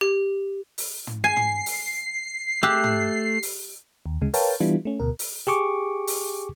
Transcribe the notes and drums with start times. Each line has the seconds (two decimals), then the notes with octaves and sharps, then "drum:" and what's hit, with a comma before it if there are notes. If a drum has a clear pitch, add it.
0.01 G4
0.78 drum: open hi-hat
1.07 drum: tom
1.24 G#5 C7
1.37 drum: tom
1.66 drum: open hi-hat
2.63 A3 G4 E6 F#6
2.84 drum: tom
3.43 drum: open hi-hat
4.06 D#2
4.21 D2 C#3 G#3
4.34 A#4 B4 C#5 F5 G5 A5, drum: open hi-hat
4.60 E3 G3 B3 D4 E4 F4
4.85 A3 C#4
5.00 D2 B2 A#4
5.19 drum: open hi-hat
5.47 G4 G#4 C#6 D6
6.07 drum: open hi-hat